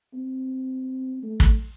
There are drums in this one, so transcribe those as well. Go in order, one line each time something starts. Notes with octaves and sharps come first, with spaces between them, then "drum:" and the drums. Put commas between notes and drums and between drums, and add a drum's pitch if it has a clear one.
C4
A3
drum: kick